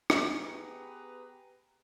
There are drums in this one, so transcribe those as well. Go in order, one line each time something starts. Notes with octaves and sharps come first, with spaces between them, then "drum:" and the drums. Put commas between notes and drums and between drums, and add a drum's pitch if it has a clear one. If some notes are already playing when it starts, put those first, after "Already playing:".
drum: rim click
B3 G4 G#4 B4 A#5